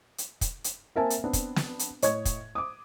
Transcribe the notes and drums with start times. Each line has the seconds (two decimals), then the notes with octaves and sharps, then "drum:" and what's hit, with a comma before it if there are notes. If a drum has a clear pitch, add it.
0.18 drum: hi-hat
0.41 drum: kick, hi-hat
0.64 drum: hi-hat
0.96 A#3 C4 A#4 E5 G#5 A5
1.10 drum: hi-hat
1.24 B3 C4 D4
1.33 drum: kick, hi-hat
1.56 drum: snare
1.79 drum: hi-hat
2.02 A2 C#5 D#5 C#6 G#6, drum: hi-hat
2.25 drum: kick, hi-hat
2.55 D6 D#6